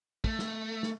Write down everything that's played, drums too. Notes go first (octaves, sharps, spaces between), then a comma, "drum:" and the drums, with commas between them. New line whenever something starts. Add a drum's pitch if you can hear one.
A3, drum: kick
drum: snare
drum: snare